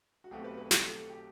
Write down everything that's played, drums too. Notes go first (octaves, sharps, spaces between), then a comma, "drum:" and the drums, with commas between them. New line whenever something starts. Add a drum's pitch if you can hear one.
F#4
B1 B2 A3 C4 G4
B4
B4
G4, drum: snare
A4
A4
G4